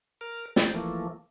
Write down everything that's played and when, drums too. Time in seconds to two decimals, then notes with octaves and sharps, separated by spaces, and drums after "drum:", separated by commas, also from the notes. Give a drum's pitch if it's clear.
0.21 A#4 F6
0.56 G5 A6, drum: snare
0.74 E3 F3 A3 A#3